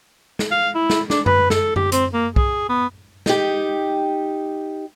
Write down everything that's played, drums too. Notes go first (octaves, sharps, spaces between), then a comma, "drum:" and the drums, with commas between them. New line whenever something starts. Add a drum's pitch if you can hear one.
drum: snare
F5
E4
drum: snare
D4, drum: snare
B4, drum: tom F#2
A4, drum: snare
G4, drum: tom F#2
C4, drum: hi-hat
A#3
G#4, drum: kick B1
B3
D#4 G4, drum: snare